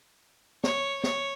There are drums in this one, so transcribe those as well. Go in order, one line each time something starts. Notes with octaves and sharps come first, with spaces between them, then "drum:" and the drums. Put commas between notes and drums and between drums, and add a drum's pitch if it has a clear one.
C#5, drum: snare
C#5, drum: snare